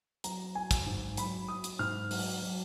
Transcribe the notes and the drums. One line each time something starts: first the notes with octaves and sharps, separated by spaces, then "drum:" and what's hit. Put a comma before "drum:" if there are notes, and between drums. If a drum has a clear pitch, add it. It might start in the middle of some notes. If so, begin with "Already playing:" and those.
F#3 A#5, drum: hi-hat
F#3 G#5
drum: kick, hi-hat
G#2
F#3 B5, drum: hi-hat
F#3 D#6
drum: hi-hat
G#2 F6
F#3, drum: open hi-hat
F#3